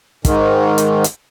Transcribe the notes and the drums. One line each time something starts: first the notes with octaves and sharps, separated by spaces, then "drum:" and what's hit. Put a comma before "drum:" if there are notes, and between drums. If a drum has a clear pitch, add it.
G#2 D#3, drum: kick, hi-hat
drum: hi-hat
drum: hi-hat